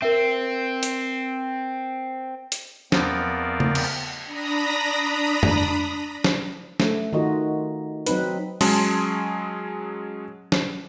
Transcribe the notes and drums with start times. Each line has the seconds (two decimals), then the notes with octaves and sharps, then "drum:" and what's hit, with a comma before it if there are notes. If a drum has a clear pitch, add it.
0.02 C4 A#4 E5
0.83 drum: hi-hat
2.52 drum: hi-hat
2.92 E2 F3 B3 C4 A#4 D5, drum: snare
3.60 drum: tom C#3
3.75 drum: cymbal
4.25 D4 A#5 B5 D#6 A#6
5.43 drum: tom
6.24 drum: snare
6.80 A3, drum: snare
7.13 D#3 D#4 F4 F#4 D#5
8.06 F#3 C4 D#4 B4, drum: hi-hat
8.61 F#3 G#3 C#4 G#4 A5 C6, drum: open hi-hat
10.52 drum: snare